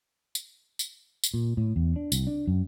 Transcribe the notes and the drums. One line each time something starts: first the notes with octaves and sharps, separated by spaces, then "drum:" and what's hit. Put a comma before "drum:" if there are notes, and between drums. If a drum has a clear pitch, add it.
drum: tambourine
drum: tambourine
drum: tambourine
A#2
A2
E2
D4
C2, drum: tambourine
D4
F#2